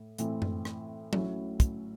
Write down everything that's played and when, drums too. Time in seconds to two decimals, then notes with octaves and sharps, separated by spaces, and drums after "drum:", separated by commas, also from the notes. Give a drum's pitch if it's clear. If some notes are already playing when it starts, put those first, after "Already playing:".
Already playing: A2
0.18 A2 E3 C4 E4, drum: hi-hat
0.42 drum: tom F#2
0.65 drum: rim click
1.13 A1 A2 F#3 C#4 E4, drum: tom F#3
1.60 drum: kick, hi-hat